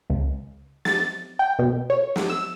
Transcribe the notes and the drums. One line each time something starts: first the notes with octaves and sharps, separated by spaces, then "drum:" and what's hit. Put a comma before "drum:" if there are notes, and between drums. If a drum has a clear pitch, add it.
C#2
A6, drum: snare
G5
B2
C#5
drum: snare
E6